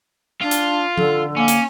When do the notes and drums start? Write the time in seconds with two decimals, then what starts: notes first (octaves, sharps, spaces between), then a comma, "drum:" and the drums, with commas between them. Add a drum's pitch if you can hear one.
0.42 D4 F4
0.51 drum: hi-hat
0.98 D3 A4, drum: tom F3
1.36 A#3 C#4
1.48 drum: hi-hat